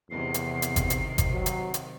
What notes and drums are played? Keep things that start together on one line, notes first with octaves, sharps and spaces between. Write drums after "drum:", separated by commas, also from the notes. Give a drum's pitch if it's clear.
E2 C3 D#3 C7
drum: hi-hat
drum: hi-hat
drum: kick G1, hi-hat
drum: hi-hat
drum: kick G1, hi-hat
F#3
drum: hi-hat
drum: hi-hat